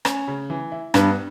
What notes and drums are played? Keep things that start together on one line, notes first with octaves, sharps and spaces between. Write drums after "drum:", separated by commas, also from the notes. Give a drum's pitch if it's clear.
C#4, drum: rim click
C#3
E3
E4
G2 B3, drum: rim click